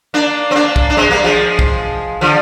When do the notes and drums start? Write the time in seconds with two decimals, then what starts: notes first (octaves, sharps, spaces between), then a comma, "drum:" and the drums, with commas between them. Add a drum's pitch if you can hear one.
0.14 A#3 D4
0.51 C4
0.55 A#3 D4
0.76 drum: kick
0.90 D4
0.97 G#3 C4
1.10 G3 A#3
1.24 F3 G#3
1.59 drum: kick
2.21 D3 F3